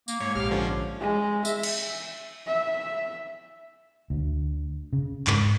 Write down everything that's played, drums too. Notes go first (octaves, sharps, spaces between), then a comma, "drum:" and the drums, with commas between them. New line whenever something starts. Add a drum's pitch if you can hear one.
A#3, drum: tambourine
G#2 A#3 C#5
A#1 G4 F5 F6
D3 F3 C#4
G#3
E5, drum: tambourine
drum: cymbal
E5
D2
C#3
G#2, drum: clap